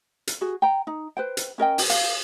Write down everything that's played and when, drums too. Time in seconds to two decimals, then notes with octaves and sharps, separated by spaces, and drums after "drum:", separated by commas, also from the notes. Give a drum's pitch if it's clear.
0.27 drum: hi-hat
0.41 F#4 G#4
0.62 G5 A#5
0.87 D#4
1.17 B4 C5 G5
1.37 drum: hi-hat
1.58 C#4 A#4 D#5 G5
1.78 drum: open hi-hat
1.90 F5, drum: hi-hat